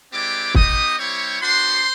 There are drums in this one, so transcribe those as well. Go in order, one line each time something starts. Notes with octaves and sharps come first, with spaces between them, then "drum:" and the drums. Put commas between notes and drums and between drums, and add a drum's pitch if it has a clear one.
G#3 C4 E4 G4 D5 D6
B3 D#4 G4 D#5 D#6, drum: kick
G3 C4 E4 G4 C#5 C#6
B3 D4 F#4 C5 C6